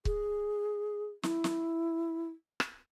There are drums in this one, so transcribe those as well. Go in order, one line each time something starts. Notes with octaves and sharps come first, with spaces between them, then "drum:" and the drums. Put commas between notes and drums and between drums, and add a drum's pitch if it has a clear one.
G#4, drum: kick C#1
E4, drum: snare
drum: snare
drum: rim click